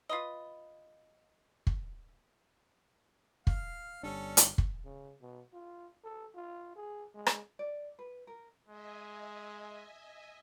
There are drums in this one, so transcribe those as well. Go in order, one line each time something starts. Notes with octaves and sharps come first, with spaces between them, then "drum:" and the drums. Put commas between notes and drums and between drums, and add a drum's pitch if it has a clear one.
F4 B4 D#5
drum: kick
F5, drum: kick
G1 G3 C#4 D4 A4
drum: hi-hat
drum: kick
C#3
B2
F4
A4
F4
G#4
G#3
drum: rim click
D5
B4
A#4
G#3 D#5 E5 G#5